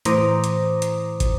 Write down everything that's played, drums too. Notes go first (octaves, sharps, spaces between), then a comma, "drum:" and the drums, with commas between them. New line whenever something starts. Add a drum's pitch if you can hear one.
A2 E3 C5 A#5 D6 D#6, drum: hi-hat
drum: hi-hat
drum: hi-hat
drum: kick, hi-hat